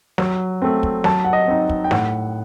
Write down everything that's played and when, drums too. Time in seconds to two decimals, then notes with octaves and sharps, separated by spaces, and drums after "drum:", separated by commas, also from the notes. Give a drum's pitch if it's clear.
0.18 F#3, drum: snare
0.62 A3 C4
0.83 drum: kick
1.04 F#3 A5, drum: snare
1.25 F#5
1.33 D#5
1.48 C4 D#4
1.69 drum: kick
1.84 G5
1.91 A2 F#5, drum: snare